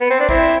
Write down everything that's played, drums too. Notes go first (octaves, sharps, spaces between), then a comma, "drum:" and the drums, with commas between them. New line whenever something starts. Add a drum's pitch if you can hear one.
B3
C4
D4
C4 E4, drum: kick